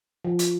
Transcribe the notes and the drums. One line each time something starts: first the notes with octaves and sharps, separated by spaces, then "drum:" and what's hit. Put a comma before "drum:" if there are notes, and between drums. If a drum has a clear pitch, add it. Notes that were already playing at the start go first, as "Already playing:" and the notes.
F3
drum: hi-hat